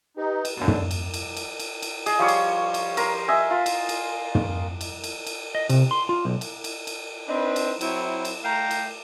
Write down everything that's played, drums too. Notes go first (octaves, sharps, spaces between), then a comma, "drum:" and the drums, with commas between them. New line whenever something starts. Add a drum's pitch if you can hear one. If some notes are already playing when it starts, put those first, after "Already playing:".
D#4 G4 B4
drum: cymbal
F#2 B2 D3 F#3 A#3
drum: tom
drum: cymbal
drum: cymbal
drum: cymbal
drum: cymbal
drum: cymbal
G#4 D#5, drum: cymbal
F3 G3 C#5 C#6
drum: cymbal
drum: cymbal
A#4 A#5 C6, drum: cymbal
D#5 E5 G#5
F4
drum: cymbal
drum: cymbal
drum: tom
drum: cymbal
drum: cymbal
drum: cymbal
D#5
C3, drum: cymbal
C6
F4
B1
drum: cymbal
drum: cymbal
drum: cymbal
C4 D4 D#4 B4
drum: cymbal
F#3 C4 E4, drum: cymbal
drum: cymbal
A3 F5 G5 A#5
drum: cymbal